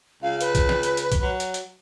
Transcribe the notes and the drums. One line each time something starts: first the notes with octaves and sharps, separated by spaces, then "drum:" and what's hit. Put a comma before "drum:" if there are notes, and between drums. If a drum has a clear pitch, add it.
C#2 F5
B4, drum: hi-hat
drum: kick B1, hi-hat
drum: snare
drum: hi-hat
drum: hi-hat
drum: kick B1, hi-hat
F#3
drum: hi-hat
drum: hi-hat